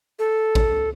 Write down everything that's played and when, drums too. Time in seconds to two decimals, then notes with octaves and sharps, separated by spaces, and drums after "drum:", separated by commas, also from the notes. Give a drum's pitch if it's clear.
0.19 A4
0.55 drum: kick A1